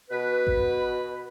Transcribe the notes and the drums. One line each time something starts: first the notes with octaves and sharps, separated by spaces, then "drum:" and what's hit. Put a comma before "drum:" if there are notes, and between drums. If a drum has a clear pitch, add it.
B2 B4
drum: kick A1